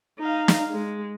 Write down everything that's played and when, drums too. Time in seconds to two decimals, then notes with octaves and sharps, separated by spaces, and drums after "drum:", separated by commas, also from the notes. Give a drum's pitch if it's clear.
0.19 D#4 F5
0.48 drum: snare
0.71 G#3